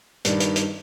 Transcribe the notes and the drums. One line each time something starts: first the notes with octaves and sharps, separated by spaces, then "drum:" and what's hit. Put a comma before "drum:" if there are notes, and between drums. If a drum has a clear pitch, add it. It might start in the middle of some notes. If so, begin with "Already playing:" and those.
G2 D#3 G3, drum: hi-hat
drum: hi-hat
drum: hi-hat